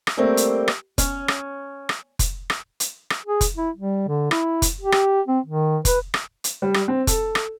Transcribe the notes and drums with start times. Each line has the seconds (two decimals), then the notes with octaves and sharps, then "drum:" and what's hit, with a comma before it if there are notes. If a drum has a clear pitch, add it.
0.07 drum: rim click
0.17 G3 A3 A#3 C4 A#4
0.37 drum: hi-hat
0.68 drum: rim click
0.98 C#4, drum: kick F1, hi-hat
1.28 drum: rim click
1.89 drum: rim click
2.19 drum: kick F1, hi-hat
2.50 drum: rim click
2.80 drum: hi-hat
3.10 drum: rim click
3.26 G#4
3.41 drum: kick F1, hi-hat
3.56 E4
3.76 G3
4.08 D3
4.31 E4, drum: rim click
4.62 drum: kick F1, hi-hat
4.81 G4
4.92 drum: rim click
5.28 C4
5.46 D#3
5.85 B4, drum: kick F1, hi-hat
6.14 drum: rim click
6.44 drum: hi-hat
6.62 G3
6.74 drum: rim click
6.88 C4
7.07 A4, drum: kick F1, hi-hat
7.35 drum: rim click